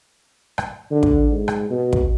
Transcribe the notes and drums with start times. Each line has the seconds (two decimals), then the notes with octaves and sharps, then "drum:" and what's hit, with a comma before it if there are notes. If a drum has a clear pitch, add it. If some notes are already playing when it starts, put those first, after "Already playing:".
0.58 drum: rim click
0.91 D3
1.03 drum: kick
1.31 G#2
1.48 drum: rim click
1.70 B2
1.93 drum: kick